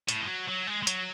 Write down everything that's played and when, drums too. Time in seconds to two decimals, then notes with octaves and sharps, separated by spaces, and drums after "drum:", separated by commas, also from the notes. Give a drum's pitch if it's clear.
0.09 A2, drum: hi-hat
0.21 G#3
0.27 F#3
0.48 F#3
0.67 G#3
0.83 G#3
0.87 F#3, drum: hi-hat